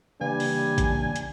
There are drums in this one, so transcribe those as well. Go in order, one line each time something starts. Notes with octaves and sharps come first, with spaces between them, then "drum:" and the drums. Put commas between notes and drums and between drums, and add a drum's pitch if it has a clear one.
C#3 E3 G3 A#3 D4 G#5
drum: open hi-hat
drum: kick A1, hi-hat
drum: hi-hat